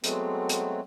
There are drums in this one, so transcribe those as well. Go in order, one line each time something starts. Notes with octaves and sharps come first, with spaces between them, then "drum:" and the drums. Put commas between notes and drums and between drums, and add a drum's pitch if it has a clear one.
F#3 G#3 A3 B3 C4, drum: hi-hat
drum: hi-hat